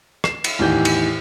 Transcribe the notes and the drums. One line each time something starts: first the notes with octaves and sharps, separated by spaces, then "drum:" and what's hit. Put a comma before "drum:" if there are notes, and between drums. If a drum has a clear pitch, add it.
C7 E7, drum: rim click
drum: cymbal
E2 A2 D#3 E3 G4 G6
drum: cymbal